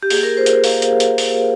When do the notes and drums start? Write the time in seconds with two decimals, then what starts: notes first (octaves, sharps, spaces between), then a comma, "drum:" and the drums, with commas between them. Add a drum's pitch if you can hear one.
0.03 G4
0.10 A#3 G#4, drum: open hi-hat
0.23 A#4
0.37 F4 C5
0.46 drum: hi-hat
0.64 A#3 F5, drum: open hi-hat
0.82 drum: hi-hat
1.00 drum: hi-hat
1.18 drum: open hi-hat